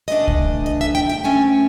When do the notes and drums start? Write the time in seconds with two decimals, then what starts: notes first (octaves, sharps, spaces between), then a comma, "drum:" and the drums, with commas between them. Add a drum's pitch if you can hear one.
0.08 E3 A3 D4 D#5
0.28 drum: kick C2
0.66 D#5
0.81 E5
0.95 G5
1.09 G5
1.24 F3 A3 C#4 G#5